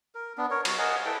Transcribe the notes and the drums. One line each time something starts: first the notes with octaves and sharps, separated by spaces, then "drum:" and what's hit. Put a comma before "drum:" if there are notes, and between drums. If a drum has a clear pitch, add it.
A#4
B3 D4
A#4 C#5
F#3, drum: cymbal
A#4 D#5 F#5 G#5
E4 A4 B4 G5